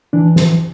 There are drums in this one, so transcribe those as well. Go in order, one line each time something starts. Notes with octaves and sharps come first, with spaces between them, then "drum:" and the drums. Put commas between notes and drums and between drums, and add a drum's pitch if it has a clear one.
E3 D4
drum: snare